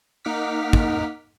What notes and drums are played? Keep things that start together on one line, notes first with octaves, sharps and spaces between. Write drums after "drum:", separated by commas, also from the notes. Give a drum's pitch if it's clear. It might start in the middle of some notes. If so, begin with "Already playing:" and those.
A#3 D#4 F#5 D6 F6 B6
drum: kick